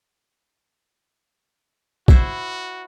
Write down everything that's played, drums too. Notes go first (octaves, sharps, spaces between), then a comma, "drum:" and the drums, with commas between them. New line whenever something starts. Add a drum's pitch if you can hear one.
E4 F#4 C5, drum: kick B1